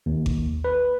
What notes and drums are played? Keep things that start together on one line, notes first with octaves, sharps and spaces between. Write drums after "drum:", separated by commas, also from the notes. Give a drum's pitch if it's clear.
D#2
drum: kick G#1
B4